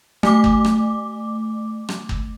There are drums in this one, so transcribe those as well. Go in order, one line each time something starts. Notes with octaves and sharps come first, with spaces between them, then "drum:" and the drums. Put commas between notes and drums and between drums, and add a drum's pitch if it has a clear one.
A3 D6, drum: rim click
drum: kick
drum: rim click
drum: rim click
drum: kick